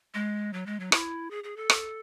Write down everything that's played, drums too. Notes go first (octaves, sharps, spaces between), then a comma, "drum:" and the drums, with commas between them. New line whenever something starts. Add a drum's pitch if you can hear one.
G#3
F#3
G#3
F#3
E4, drum: rim click
G#4
G#4
A4
drum: rim click